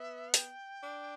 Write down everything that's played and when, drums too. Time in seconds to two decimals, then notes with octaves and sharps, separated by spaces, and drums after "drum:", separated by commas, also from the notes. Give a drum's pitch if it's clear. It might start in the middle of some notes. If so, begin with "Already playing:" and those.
Already playing: B3 E5
0.34 G5, drum: hi-hat
0.83 D4